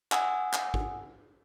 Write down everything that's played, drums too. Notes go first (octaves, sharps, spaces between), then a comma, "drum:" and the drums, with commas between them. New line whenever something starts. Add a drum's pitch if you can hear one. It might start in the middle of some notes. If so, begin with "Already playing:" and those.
F#5 G#5 D#6 E6, drum: clap
drum: clap
drum: kick